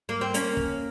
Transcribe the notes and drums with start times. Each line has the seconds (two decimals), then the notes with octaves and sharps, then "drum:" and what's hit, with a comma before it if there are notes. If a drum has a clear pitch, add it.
0.09 A#3
0.21 C4
0.34 A#3 C#4, drum: hi-hat
0.57 drum: kick